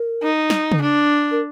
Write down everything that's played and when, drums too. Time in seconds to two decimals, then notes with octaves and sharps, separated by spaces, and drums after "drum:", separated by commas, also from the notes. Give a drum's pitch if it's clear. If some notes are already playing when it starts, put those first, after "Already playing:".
Already playing: A#4
0.23 D#4
0.50 drum: snare
0.72 drum: tom C#3
0.82 D4
1.31 A#4